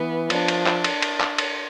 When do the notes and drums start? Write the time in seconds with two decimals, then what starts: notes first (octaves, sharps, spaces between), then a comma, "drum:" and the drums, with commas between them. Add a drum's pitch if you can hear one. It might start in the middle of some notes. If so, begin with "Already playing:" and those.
Already playing: E3 B3
0.30 F3 D4, drum: cymbal
0.48 drum: cymbal
0.66 drum: clap
0.84 drum: cymbal
1.02 drum: cymbal
1.20 drum: clap
1.38 drum: cymbal